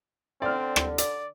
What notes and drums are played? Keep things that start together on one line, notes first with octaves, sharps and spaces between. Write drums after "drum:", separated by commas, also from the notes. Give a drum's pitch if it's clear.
D3 C4 D5 F6
drum: rim click
D5, drum: hi-hat